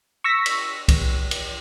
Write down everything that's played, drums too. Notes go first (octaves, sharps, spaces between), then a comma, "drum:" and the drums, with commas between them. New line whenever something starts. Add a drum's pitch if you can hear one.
C#6 E6 A#6 B6
drum: cymbal
drum: kick C2, cymbal
drum: cymbal